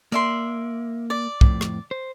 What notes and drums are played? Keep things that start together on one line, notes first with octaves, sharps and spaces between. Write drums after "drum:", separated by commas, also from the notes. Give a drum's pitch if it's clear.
A#3 D5 E5 C6
D5
F2 A2, drum: kick
drum: rim click
C5